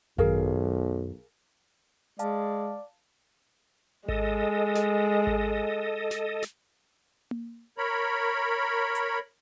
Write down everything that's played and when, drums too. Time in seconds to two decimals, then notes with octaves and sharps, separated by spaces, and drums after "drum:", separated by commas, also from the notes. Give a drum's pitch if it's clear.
0.18 B1 F#2 D#3 G#4 A#4 F5, drum: kick G#1
2.19 G#3 D5 F5 A5, drum: hi-hat
4.08 G#3 A4 D#5, drum: kick G#1
4.75 drum: snare
5.27 drum: kick G#1
6.11 drum: snare
6.42 drum: snare
7.31 drum: tom A#3
7.78 A#4 C#5 B5
8.95 drum: hi-hat